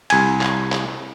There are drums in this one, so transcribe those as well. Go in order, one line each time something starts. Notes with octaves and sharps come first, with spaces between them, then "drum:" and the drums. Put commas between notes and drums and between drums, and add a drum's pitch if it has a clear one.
C2 G#5, drum: cymbal
drum: clap
drum: clap